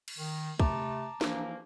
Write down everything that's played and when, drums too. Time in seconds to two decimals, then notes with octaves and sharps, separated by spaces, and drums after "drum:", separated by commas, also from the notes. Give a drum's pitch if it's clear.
0.08 drum: cymbal
0.19 D#3
0.60 C3 A3 A5 A#5 D6, drum: kick
1.21 E3 F3 A#3, drum: snare